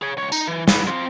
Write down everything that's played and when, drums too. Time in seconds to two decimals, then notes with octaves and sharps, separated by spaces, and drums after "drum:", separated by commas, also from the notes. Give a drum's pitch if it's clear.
0.02 G#4 C#5
0.17 C#2 C#5
0.32 D#4, drum: tambourine
0.48 E3
0.68 F4 B4, drum: snare
0.87 C4 F4